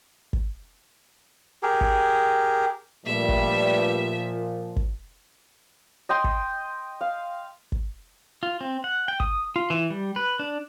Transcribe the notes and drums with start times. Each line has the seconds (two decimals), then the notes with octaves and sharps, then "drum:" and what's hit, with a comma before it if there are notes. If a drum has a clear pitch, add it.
0.33 drum: kick
1.63 G4 G#4 A#4
1.81 drum: kick
3.06 G2 A#2 F3 G3 A3 E5
3.29 drum: kick
4.76 drum: kick
6.09 D#5 G5 C6
6.24 drum: kick
7.01 F5
7.72 drum: kick
8.43 F4
8.61 C4
8.84 F#5
9.08 G5
9.20 D#6, drum: kick
9.56 F4
9.70 E3
9.90 G3
10.16 B4
10.39 D4